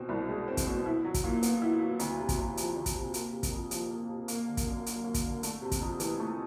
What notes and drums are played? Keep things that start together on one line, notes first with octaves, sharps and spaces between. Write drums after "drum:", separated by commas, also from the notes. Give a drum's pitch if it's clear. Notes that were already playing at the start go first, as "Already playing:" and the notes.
Already playing: B2 C4
C2
G#3
C4
drum: kick, hi-hat
B2
E4
F#3
drum: kick, hi-hat
A#2
B3, drum: hi-hat
E4
F#3
D2, drum: hi-hat
C3
drum: kick, hi-hat
D2
F3, drum: hi-hat
D2
drum: kick, hi-hat
C3
A#3, drum: hi-hat
C3
drum: kick, hi-hat
F2
F3, drum: hi-hat
A#3
C3
A#3, drum: hi-hat
D3
drum: kick, hi-hat
F#2
F#3, drum: hi-hat
A#3
drum: kick, hi-hat
D3
A3, drum: hi-hat
C3
drum: kick, hi-hat
F2
E3, drum: hi-hat
A3